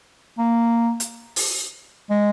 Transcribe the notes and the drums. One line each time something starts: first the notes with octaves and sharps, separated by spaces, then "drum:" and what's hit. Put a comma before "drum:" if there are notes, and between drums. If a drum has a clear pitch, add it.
A#3
drum: hi-hat
drum: open hi-hat
G#3